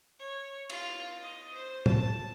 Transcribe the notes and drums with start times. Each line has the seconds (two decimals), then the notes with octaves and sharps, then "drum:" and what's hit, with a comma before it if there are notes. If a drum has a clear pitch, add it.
0.19 C#5
0.70 F4, drum: cymbal
1.21 D#5
1.54 C5
1.86 A5, drum: tom